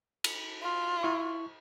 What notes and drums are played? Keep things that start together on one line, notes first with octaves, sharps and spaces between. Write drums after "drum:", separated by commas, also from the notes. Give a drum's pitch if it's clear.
drum: cymbal
F4
E4 C#6